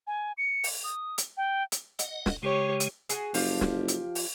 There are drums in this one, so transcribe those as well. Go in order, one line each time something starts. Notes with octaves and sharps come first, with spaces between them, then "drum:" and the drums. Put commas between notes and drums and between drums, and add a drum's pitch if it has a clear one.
G#5
C#7
drum: open hi-hat
D#6
drum: hi-hat
G5
drum: hi-hat
D#5 F#5, drum: hi-hat
drum: snare
C#3 G#3 G4 C#5
drum: hi-hat
F#4 G#4, drum: hi-hat
F#1 F3 F4 G4, drum: open hi-hat
drum: snare
drum: hi-hat
drum: open hi-hat